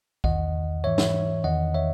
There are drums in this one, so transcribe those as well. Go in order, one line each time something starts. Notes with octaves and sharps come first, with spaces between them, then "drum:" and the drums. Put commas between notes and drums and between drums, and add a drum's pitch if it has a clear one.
E2 D#3 D#5 F#5, drum: kick
G#2 E3 C#5 E5
drum: snare
E2 D#3 D#5 F#5
C#5 E5